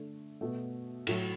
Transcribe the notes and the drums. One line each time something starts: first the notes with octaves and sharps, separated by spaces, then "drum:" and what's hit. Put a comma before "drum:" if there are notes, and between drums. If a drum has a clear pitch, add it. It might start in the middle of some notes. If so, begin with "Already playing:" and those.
Already playing: D3 A3
B2 A3
A2 F#3 A3, drum: cymbal